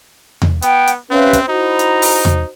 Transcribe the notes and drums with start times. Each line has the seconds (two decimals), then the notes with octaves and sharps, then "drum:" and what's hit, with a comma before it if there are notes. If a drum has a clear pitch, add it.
0.42 drum: tom E2
0.62 B3 F#5 G5, drum: hi-hat
0.87 drum: hi-hat
1.10 C4 C#4 G4 B4 E5 F5
1.33 drum: kick, hi-hat
1.48 D#4 E4 F#4 C5 A#5
1.79 drum: hi-hat
2.02 drum: open hi-hat
2.25 drum: tom E2